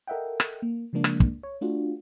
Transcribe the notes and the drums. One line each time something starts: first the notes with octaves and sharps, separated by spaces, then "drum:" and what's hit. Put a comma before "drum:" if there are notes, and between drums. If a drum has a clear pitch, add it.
A4 A#4 D#5 E5 F#5 G5
drum: rim click
A#3
C#3 F3 G#3 A#3 D4
drum: rim click
drum: kick
C#5
A3 D4 F4 F#4